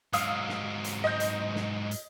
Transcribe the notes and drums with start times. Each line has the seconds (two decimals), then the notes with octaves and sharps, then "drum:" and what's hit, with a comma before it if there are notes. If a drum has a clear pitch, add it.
0.13 G#2 F#3 F5 D#6 E6, drum: hi-hat
0.49 drum: snare
0.84 drum: hi-hat
1.04 D#5 G6
1.20 drum: hi-hat
1.56 drum: snare
1.91 drum: hi-hat